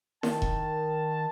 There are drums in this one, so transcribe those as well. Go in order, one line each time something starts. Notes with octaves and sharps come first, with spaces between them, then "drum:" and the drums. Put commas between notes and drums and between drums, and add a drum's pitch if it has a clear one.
D#3 A5, drum: snare E4
drum: kick E1